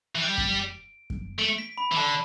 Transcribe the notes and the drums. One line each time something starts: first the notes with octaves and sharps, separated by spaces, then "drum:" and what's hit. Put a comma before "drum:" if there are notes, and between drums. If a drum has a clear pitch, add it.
E3
G3 D7
drum: kick F#2
drum: kick F#2
A3 D7
B6
B5
E3
D3 A5